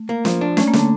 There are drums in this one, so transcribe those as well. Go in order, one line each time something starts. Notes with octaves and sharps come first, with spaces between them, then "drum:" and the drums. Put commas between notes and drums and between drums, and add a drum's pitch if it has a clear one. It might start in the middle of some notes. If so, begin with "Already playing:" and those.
Already playing: A3
A#3
F3, drum: snare
D4
A3 C#4, drum: snare
A#3
D3, drum: snare
A3